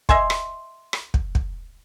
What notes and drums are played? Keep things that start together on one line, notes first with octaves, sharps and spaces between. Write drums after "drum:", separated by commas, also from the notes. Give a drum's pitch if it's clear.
D#5 E5 G#5 C6, drum: kick
drum: rim click
drum: rim click
drum: kick
drum: kick